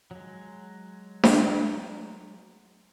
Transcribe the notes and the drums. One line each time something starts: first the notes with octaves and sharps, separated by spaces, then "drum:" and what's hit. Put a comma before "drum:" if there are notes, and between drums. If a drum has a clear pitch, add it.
F#3 G#3
drum: snare D4